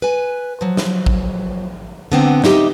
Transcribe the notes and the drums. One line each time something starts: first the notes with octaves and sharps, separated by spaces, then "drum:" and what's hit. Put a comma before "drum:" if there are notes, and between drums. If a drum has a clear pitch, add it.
B4 G#5
F3 F#3
drum: snare
drum: kick A1
D3 B3 C4
D#4 E4 G4 D#5 E5, drum: snare